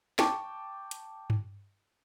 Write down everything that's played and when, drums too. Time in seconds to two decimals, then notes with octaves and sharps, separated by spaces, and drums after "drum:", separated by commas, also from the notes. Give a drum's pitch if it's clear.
0.19 G5 A5 C#6 D6, drum: snare
0.91 drum: hi-hat
1.30 drum: tom G2